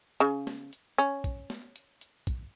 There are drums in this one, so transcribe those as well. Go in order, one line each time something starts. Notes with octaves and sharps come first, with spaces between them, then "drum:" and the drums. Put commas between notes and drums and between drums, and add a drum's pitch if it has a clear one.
C#3
drum: snare B3
drum: hi-hat
C#4, drum: hi-hat
drum: kick, hi-hat
drum: snare B3
drum: hi-hat
drum: hi-hat
drum: kick, hi-hat